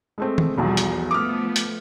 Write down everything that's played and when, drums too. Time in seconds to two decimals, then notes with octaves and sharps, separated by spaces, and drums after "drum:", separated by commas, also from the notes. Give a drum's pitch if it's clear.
0.18 G#3 A3 C4
0.38 drum: tom D#3
0.58 B1 E2 B2 F3 G3
0.77 drum: hi-hat
1.11 F3 A3 B3 D6 D#6 F6
1.56 drum: hi-hat